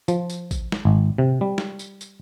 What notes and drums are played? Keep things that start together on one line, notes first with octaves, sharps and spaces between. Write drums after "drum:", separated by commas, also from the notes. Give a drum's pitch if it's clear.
F3, drum: tambourine
drum: tambourine
drum: kick, tambourine
drum: snare
G#1
C3
G3
drum: snare
drum: tambourine
drum: tambourine